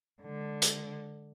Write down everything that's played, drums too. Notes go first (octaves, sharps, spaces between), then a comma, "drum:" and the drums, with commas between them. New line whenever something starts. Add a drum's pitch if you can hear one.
D3 G#3
drum: hi-hat